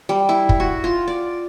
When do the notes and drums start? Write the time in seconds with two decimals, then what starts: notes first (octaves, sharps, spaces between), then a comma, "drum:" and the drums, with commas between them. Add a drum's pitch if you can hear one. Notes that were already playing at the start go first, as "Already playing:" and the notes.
0.09 G3
0.29 E4
0.49 drum: kick
0.60 F#4
0.84 F4
1.08 D5